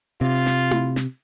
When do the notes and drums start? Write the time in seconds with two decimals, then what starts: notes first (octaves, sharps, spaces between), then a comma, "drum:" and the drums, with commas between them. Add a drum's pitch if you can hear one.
0.21 C3 F4
0.46 drum: snare
0.71 drum: tom E4
0.96 drum: snare